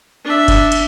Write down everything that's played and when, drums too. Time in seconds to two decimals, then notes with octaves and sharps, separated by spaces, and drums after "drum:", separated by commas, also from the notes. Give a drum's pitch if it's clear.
0.24 D4 E5
0.48 drum: kick F#1, cymbal
0.72 drum: cymbal